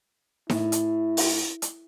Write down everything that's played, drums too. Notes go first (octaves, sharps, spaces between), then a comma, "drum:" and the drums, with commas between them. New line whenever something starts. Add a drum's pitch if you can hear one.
A2 E4, drum: snare D#4
drum: hi-hat
drum: open hi-hat
drum: hi-hat